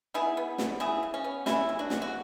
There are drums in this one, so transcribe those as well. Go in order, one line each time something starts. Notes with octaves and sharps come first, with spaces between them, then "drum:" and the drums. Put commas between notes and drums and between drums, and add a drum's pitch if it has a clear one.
B3 E4 G#4
B3
B3, drum: snare
C#3 E4 G#4
C#3
C#4
B3
E3 C#4 E4, drum: snare
G#3
D4 F#4
E3, drum: snare
F#4